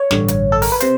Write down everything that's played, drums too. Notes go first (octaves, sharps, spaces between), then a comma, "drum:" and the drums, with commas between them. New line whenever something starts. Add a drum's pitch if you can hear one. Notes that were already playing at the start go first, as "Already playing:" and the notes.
Already playing: C#5
A1 G2 D3, drum: snare
drum: hi-hat
A4
A#4, drum: open hi-hat
B4
C3 C5, drum: hi-hat